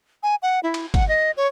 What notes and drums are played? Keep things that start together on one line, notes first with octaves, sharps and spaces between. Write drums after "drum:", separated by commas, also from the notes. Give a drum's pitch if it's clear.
G#5
F#5
E4
drum: cymbal
F#5, drum: kick, cymbal
D#5
C#5